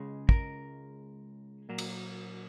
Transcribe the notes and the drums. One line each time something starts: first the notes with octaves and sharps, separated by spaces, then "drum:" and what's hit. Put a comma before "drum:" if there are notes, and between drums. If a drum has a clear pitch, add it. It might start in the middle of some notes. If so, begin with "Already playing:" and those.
Already playing: C#2 C#3 G#3
A#4, drum: kick
A#2 F#3 A#3
drum: cymbal